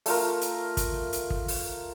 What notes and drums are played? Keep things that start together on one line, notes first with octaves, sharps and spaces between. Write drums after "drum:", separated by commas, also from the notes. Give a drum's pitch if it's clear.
A3 F4 A#4, drum: open hi-hat
drum: hi-hat
drum: kick, hi-hat
drum: hi-hat
drum: kick
drum: open hi-hat